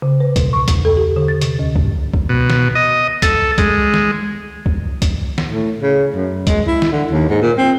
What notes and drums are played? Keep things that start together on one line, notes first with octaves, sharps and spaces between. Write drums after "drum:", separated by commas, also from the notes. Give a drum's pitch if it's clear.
C#3
B4
B2, drum: kick, hi-hat
C#6
E2, drum: kick, hi-hat
A4
G4
D3
A6
C3, drum: hi-hat
D2
G#2, drum: kick
drum: kick
B2
drum: snare
D#5
A4, drum: kick, hi-hat
G#3, drum: kick, hi-hat
drum: snare
drum: kick
drum: kick, hi-hat
drum: snare
A2
C#3
F#2
G#3, drum: kick, hi-hat
E4
drum: snare
D3
D#2
G#2
A#2
C4